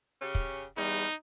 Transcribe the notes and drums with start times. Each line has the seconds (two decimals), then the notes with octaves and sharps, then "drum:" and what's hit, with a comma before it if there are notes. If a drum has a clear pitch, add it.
0.21 C#3 C#4 G4
0.35 drum: kick
0.77 E2 G3 D#4